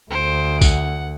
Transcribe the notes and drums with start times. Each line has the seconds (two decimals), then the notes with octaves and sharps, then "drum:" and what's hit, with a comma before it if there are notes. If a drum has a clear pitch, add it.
0.11 D2 C5 D7
0.61 F#5, drum: kick A#1, tambourine